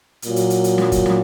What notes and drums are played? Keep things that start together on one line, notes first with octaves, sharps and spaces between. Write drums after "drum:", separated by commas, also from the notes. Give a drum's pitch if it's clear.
A#2 F#3, drum: hi-hat
drum: hi-hat
drum: hi-hat
drum: hi-hat
drum: snare
drum: kick, hi-hat
drum: snare